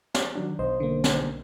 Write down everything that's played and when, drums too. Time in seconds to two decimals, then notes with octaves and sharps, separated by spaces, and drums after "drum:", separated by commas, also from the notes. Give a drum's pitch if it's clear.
0.14 drum: snare
0.36 D#3 F#3 D4
0.59 B1 C5 D#5
0.80 D3 A#3
1.04 drum: snare